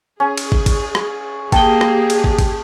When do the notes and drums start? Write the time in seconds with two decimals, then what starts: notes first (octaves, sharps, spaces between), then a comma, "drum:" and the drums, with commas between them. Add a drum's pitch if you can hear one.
0.20 C#4 G#4
0.38 drum: cymbal
0.52 drum: kick
0.66 drum: kick, cymbal
0.95 drum: rim click
1.52 A#3 G4 G#4 G5 A5 G7, drum: kick, cymbal
1.81 drum: rim click
2.10 drum: cymbal
2.24 drum: kick
2.39 drum: kick, cymbal